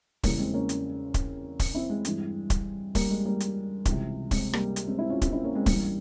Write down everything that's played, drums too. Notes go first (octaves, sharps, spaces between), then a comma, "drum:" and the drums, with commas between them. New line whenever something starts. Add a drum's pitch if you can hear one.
E2 C#3 E3 G3 A#3, drum: kick, open hi-hat
G#3 C4
A#3 C#4
drum: hi-hat
drum: kick, hi-hat
drum: kick, open hi-hat
C4 E4
G#3 C4
G2 E3, drum: hi-hat
drum: kick, hi-hat
G3 A#3, drum: kick, open hi-hat
G#3
G3 A#3
drum: hi-hat
C#2 C3 E3, drum: kick, hi-hat
G#3 C4, drum: kick, open hi-hat
G3 A#3, drum: rim click
drum: hi-hat
G#3 C4
C4 E4
C#4 F4
C4 E4, drum: kick, hi-hat
C4 E4
A#3 C#4
G#3 C4
G2 E3 G3 A#3, drum: kick, open hi-hat